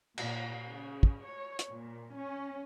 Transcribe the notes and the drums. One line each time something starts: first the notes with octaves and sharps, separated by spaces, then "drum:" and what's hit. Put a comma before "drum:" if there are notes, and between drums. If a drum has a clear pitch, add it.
A#2, drum: cymbal
C#3
drum: kick
C#5
drum: hi-hat
A#2
C#4